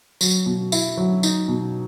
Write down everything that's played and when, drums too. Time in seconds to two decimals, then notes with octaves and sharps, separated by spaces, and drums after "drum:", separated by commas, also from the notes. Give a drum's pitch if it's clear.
0.21 F#3, drum: tambourine
0.46 B2
0.72 E4, drum: tambourine
0.97 F#3
1.23 D#4, drum: tambourine
1.48 B2